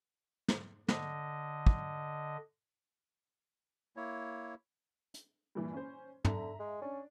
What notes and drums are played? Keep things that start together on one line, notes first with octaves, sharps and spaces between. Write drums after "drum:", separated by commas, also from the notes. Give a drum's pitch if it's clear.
drum: snare
D3 D#5, drum: snare
drum: kick
A#3 E4 C#5
drum: hi-hat
G2 A#2 E3
C#4 C5
D3 E5 A#5, drum: tom
G#3
C#4 D4